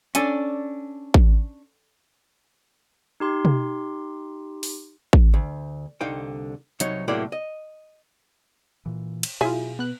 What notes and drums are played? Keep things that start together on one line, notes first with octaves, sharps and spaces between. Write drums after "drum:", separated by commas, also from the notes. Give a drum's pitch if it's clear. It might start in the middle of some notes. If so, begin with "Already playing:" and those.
C#4 D4 A4 D5 G#5, drum: hi-hat
drum: kick A1
D#4 G4 C6
drum: tom
drum: open hi-hat
drum: kick A1
D2
C2 D3 D#4 F5 G5
C2 F#3 D#4 C#5, drum: hi-hat
C2 A2 F#3 A#3 G#4 D5
D#5
A#2 E3
drum: cymbal
B2 F#3 E4 F4 G#4 E5 G#5
B3 F#6